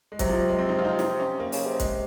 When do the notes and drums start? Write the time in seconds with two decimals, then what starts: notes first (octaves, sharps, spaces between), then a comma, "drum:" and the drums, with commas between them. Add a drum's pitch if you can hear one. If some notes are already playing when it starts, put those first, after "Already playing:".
0.12 G#3
0.19 C3 F#3, drum: kick, hi-hat
0.29 F3
0.40 F#3
0.49 G#3
0.59 C4
0.69 D#4
0.79 F4
0.85 D#4
0.89 F4
0.99 D#4, drum: snare
1.19 C#4
1.40 A#3
1.52 C#3, drum: open hi-hat
1.66 C3
1.80 G#3, drum: kick, hi-hat